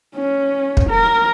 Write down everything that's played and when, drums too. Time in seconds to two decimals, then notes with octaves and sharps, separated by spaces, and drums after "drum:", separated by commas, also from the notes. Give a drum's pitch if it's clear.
0.15 C#4
0.77 drum: kick
0.89 A#4